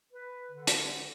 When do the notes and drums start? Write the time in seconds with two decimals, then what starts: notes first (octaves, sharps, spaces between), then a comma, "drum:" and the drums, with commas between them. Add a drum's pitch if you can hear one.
0.13 B4
0.52 D3
0.67 drum: hi-hat